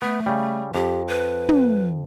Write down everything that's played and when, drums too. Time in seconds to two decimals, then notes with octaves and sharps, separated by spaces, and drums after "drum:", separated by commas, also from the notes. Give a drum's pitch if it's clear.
0.02 A3 B3
0.26 C#3 G3
0.75 F2 G4
1.08 B4
1.49 drum: tom